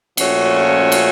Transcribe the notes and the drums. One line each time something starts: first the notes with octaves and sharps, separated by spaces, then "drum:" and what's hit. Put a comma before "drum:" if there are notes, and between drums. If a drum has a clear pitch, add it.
A#2 F3 A3 C#4 F#4, drum: cymbal
drum: cymbal